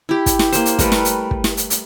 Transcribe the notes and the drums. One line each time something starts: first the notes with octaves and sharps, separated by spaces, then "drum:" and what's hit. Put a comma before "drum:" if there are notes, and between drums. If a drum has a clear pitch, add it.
E4 G4
drum: kick, hi-hat
drum: snare
A#3 C5, drum: hi-hat
drum: hi-hat
G3 A3 A#4 B4, drum: kick, hi-hat
drum: snare
drum: hi-hat
drum: kick
drum: snare
drum: hi-hat
drum: hi-hat